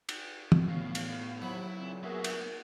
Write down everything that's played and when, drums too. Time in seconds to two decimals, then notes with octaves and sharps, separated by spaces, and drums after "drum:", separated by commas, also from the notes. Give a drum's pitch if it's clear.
0.09 drum: cymbal
0.52 drum: tom
0.68 A2 B3 F5
0.95 drum: cymbal
1.42 D#2 F3 F#3 E4 B5
1.77 A#2 C#3 C4
2.03 A#3 B3 F#4 G#4 A#4 E5
2.24 drum: cymbal